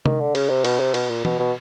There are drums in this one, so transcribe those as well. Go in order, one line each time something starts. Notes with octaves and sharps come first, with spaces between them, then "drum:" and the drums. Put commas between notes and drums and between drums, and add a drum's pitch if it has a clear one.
D#3, drum: tom C3
D3
C#3, drum: cymbal
C3
B2, drum: cymbal
C3
B2, drum: cymbal
A#2
B2, drum: tom
B2